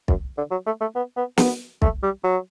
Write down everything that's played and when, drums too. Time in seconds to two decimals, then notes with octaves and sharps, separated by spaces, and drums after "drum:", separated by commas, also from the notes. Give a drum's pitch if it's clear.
0.08 F#2, drum: kick
0.38 D3
0.51 F#3
0.66 A3
0.81 A3
0.95 B3
1.17 B3
1.37 B3, drum: snare
1.82 A3, drum: kick
2.03 G3
2.24 F#3